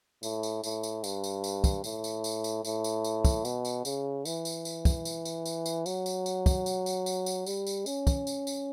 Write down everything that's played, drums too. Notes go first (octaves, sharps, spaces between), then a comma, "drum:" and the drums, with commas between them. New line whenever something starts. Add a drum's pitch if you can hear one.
A2, drum: tambourine
drum: tambourine
A2, drum: tambourine
drum: tambourine
G2, drum: tambourine
drum: tambourine
drum: tambourine
drum: kick, tambourine
A2, drum: tambourine
drum: tambourine
drum: tambourine
drum: tambourine
A2, drum: tambourine
drum: tambourine
drum: tambourine
drum: kick, tambourine
B2, drum: tambourine
drum: tambourine
C#3, drum: tambourine
E3, drum: tambourine
drum: tambourine
drum: tambourine
drum: kick, tambourine
drum: tambourine
drum: tambourine
drum: tambourine
drum: tambourine
F#3, drum: tambourine
drum: tambourine
drum: tambourine
drum: kick, tambourine
drum: tambourine
drum: tambourine
drum: tambourine
drum: tambourine
G3, drum: tambourine
drum: tambourine
C#4, drum: tambourine
drum: kick, tambourine
drum: tambourine
drum: tambourine